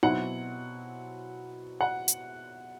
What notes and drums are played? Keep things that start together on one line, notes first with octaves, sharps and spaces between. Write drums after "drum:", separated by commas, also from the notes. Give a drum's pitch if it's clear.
B2 F#3 C4 E4 F#5, drum: tom D#4
F#5
drum: hi-hat